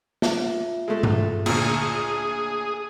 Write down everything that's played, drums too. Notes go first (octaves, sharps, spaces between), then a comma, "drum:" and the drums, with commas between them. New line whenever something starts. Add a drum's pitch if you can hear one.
F4 E5, drum: snare
G#3 A3
drum: tom G2
D2 A#2 G#4, drum: cymbal